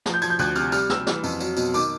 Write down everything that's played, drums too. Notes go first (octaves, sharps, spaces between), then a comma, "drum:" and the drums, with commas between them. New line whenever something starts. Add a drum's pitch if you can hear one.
F3, drum: snare
G6
F3 G#6, drum: tambourine
G6
D2 F#6, drum: tambourine
C3 F6, drum: tambourine
G3 F6, drum: tambourine
G3 E6, drum: snare
E3, drum: snare
F2, drum: tambourine
F#3, drum: tambourine
B2, drum: tambourine
D#3 D6, drum: tambourine